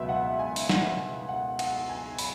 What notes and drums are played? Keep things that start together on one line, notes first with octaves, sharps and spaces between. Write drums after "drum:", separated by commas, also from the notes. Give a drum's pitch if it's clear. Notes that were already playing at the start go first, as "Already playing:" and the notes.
Already playing: C#2 B2 F#3 B3 E5
F#5
G#5
drum: open hi-hat
F#5, drum: snare
F#5
F#5, drum: cymbal
G#5
B5, drum: open hi-hat